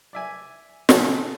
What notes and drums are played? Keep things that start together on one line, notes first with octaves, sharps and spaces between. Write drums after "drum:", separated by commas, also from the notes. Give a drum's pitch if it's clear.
D5 E5 G#5
A#2 C#3 F3 A4 F#5 A5, drum: snare